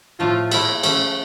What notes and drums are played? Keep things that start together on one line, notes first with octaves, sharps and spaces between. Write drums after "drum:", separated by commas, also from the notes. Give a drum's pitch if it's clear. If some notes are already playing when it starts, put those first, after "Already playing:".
A2 F3 A3 F4
A#2 A3 E4 A#4 E5, drum: cymbal
F3 A3 C#4, drum: cymbal